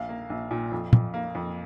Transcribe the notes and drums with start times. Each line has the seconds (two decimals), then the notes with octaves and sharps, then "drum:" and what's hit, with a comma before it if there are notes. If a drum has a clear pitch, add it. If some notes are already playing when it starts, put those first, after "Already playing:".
Already playing: A#1 F5
0.09 A#3
0.30 A#1
0.51 A#2
0.72 F2
0.93 F2, drum: tom
1.14 A#3
1.35 F2